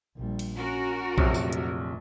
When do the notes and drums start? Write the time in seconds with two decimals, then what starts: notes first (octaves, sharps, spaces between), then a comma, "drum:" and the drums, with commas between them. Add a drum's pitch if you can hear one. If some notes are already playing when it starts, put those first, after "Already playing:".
0.17 A#1 G3
0.39 drum: cymbal
0.58 C#4 F#4 A#4
1.18 A#1 F2 C3 F3 F#3 A3, drum: kick A#1
1.34 drum: tambourine
1.53 drum: hi-hat